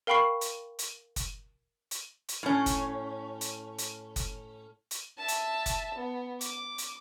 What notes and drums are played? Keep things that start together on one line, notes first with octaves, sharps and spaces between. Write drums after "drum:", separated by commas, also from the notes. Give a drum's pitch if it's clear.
A#4 F5 G5 B5 C#6 C7
drum: hi-hat
drum: hi-hat
drum: kick F#1, hi-hat
drum: hi-hat
drum: hi-hat
A2 C#4
drum: kick F#1, hi-hat
drum: hi-hat
drum: hi-hat
drum: kick F#1, hi-hat
drum: hi-hat
E5 A5
drum: hi-hat
drum: kick F#1, hi-hat
B3
D6, drum: hi-hat
drum: hi-hat